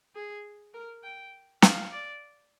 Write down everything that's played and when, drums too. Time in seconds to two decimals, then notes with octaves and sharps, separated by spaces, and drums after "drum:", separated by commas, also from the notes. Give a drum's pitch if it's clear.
0.15 G#4
0.74 A#4
1.03 G5
1.62 F5, drum: snare
1.92 D5